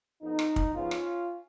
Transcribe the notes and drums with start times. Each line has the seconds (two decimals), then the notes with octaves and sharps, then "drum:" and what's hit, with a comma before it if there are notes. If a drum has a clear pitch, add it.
0.21 F2 F3 B3 D#4
0.39 drum: rim click
0.56 drum: kick
0.74 G#2 F3 G#3 B3 C#4 F4
0.91 drum: rim click